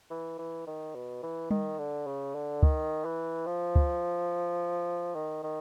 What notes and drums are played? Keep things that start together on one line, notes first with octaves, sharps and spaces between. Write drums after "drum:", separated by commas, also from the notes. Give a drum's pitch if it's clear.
E3
E3
D#3
B2
E3
D#3, drum: tom G3
D3
C#3
D3
D#3, drum: kick
E3
F3
drum: kick
D#3
D#3